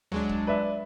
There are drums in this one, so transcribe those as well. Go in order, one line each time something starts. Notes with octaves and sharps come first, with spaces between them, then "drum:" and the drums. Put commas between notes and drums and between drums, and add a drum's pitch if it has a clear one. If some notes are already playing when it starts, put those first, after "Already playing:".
F#3 G#3 D4, drum: tom C#2
drum: kick C#1
B4 D5 E5